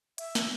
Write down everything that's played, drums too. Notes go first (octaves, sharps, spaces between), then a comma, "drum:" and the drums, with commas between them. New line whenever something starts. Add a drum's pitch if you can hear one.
E5, drum: hi-hat
drum: snare